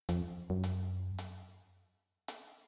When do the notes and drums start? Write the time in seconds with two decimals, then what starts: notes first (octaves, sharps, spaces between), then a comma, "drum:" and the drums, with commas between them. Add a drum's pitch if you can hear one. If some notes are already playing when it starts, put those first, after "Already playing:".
0.09 F2, drum: hi-hat
0.50 F#2
0.64 drum: hi-hat
1.18 drum: hi-hat
2.28 drum: hi-hat